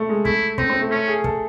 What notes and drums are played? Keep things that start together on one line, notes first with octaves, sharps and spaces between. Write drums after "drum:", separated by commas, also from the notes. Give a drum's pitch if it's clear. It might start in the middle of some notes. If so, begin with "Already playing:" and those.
Already playing: A3
G#3
A3 E4, drum: kick
C4 D#4, drum: kick
C4
A3
A3 C#4
G#4
A4, drum: kick